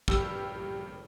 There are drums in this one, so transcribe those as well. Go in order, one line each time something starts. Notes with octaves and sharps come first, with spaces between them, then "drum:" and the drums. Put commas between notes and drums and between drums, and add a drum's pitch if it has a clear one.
G2 G4 E6, drum: kick